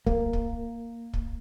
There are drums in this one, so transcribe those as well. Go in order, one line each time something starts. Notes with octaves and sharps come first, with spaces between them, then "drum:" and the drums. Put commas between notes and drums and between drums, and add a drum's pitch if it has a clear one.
A#3, drum: kick
drum: kick
drum: kick